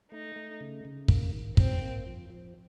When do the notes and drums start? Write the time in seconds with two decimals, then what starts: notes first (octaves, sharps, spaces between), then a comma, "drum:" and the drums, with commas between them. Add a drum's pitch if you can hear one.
0.11 A3 D#4
0.36 A3
0.60 C#3
0.85 C#3
1.08 A#3, drum: kick
1.33 D#3
1.57 F#3 C4, drum: kick
1.82 A#3
2.06 F3
2.30 F3